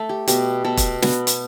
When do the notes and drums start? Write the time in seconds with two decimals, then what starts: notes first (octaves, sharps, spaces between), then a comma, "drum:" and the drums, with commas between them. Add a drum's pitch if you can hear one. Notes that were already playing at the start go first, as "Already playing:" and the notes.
Already playing: A3 A4
0.09 G4
0.27 B2 G4, drum: hi-hat
0.64 B2 A4
0.77 drum: kick, hi-hat
1.02 B3 F#4, drum: snare
1.27 drum: hi-hat